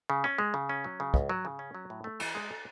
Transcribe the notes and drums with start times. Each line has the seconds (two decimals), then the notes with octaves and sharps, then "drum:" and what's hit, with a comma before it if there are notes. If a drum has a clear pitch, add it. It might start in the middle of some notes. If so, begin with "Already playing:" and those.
0.10 C#3
0.24 C#4
0.38 G#3
0.54 C#3
0.69 C#4
0.84 F#3
1.00 C#3
1.14 C#2, drum: kick
1.29 F#3
1.45 C#3
1.59 C#4
1.75 F#3
1.90 A2
2.04 A3
2.20 E3, drum: cymbal
2.35 G#3
2.49 A4